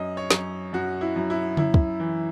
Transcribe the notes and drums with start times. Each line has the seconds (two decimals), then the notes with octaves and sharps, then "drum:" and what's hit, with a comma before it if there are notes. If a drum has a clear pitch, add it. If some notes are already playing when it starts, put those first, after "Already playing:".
Already playing: F#2 D#5
0.17 C#5
0.31 F#2, drum: snare
0.73 F#2 F#4
1.01 E4
1.16 F#2
1.30 E4
1.57 F#2 E4, drum: tom C#3
1.74 drum: kick
2.00 E3